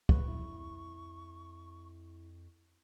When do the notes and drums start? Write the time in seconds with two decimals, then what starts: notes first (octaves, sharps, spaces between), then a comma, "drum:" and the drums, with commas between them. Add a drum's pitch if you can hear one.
0.09 G#4 B4 C#6, drum: kick
0.28 F2 E4